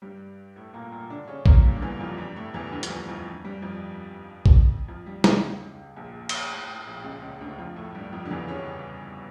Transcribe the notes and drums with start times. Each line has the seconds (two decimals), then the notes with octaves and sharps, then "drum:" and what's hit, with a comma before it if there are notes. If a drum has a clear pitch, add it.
0.02 G2 G3
0.56 A2 A3
0.74 A#2 A#3
0.92 A#2 A#3
1.10 D3 D4
1.28 C#3 C#4
1.46 A#2 A#3, drum: kick A#1
1.64 G2 G3
1.76 D3
1.82 E2 E3
2.00 F2 F3
2.18 G2 G3
2.36 A2 A3
2.54 E2 E3
2.72 D2 D3
2.83 F3, drum: hi-hat
2.90 E2 E3
3.08 F2 F3
3.45 G2 G3
3.62 F2 F3
4.46 drum: kick A#1
4.88 F2 F3
5.06 G2 G3
5.24 E2 E3, drum: snare
5.42 C#2 C#3
5.96 A#1 A#2
6.29 drum: cymbal
6.50 A2
6.68 A2
6.86 A#1 A#2
7.04 C#2 C#3
7.22 C#2 C#3
7.41 D2 D3
7.58 F2 F3
7.76 A2 A3
7.95 G2 G3
8.12 F2 F3
8.25 D3
8.31 E2 E3
8.48 C#3 C#4